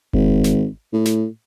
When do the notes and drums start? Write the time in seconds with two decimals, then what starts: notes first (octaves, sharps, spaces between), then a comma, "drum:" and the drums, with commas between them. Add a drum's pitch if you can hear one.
0.13 G#1, drum: kick F1
0.44 drum: snare
0.93 A2
1.05 drum: snare